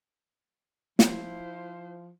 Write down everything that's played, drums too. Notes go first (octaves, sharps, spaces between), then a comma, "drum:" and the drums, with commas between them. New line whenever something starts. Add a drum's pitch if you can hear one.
F3 E4 C5, drum: snare